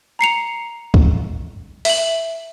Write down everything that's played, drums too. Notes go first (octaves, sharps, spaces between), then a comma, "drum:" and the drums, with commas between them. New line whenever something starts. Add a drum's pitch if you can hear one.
A#5 C7 C#7 F7
drum: kick
E5 F#7, drum: open hi-hat